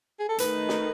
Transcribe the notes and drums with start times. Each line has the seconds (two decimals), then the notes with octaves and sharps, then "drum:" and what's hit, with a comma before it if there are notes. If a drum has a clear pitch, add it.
0.19 G#4
0.29 A4
0.38 D#3 A3 D#4 B4, drum: hi-hat
0.69 drum: snare